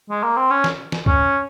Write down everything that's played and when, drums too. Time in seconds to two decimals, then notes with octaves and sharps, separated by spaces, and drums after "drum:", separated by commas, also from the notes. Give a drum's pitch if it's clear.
0.10 G#3
0.23 A#3
0.36 C4
0.50 C#4
0.64 drum: snare
0.92 drum: snare
1.06 C#4, drum: kick